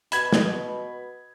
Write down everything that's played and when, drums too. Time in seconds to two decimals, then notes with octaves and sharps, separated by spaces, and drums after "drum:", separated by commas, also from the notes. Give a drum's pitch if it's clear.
0.12 B2 B5 G#6, drum: hi-hat
0.33 drum: snare